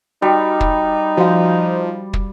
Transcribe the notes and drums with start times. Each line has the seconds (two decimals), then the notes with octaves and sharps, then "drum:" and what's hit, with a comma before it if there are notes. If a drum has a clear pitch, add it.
0.22 G3 D#4 F#4
0.61 drum: kick
1.17 F3 F#4 F5
2.13 drum: kick